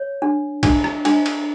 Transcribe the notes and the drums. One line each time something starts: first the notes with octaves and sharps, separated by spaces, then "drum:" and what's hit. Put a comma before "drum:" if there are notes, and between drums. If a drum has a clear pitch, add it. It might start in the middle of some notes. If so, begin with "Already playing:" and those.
Already playing: C#5
D4
D4, drum: kick B1, cymbal
drum: rim click
D4, drum: cymbal
drum: cymbal